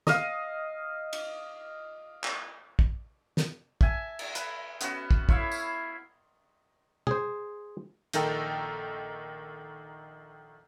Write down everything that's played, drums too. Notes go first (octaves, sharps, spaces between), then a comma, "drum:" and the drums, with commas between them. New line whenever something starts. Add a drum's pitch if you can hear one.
D#5 F5, drum: snare
drum: cymbal
drum: clap
drum: kick
drum: snare
E5 G#5 A5, drum: kick
drum: cymbal
B4, drum: hi-hat
B3 C#4 F#4, drum: hi-hat
drum: kick
E4 C#5 E5 F5, drum: kick
drum: tambourine
G#4 C5, drum: tom
A#1 D#3 D#4 A4 A#4 G5, drum: hi-hat